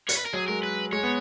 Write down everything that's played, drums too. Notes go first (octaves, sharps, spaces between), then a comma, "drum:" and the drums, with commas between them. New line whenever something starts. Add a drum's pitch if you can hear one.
C#5, drum: hi-hat
B4
A#4
F#3 G#4
G#3 A#4
B4
G#3 C#5
B3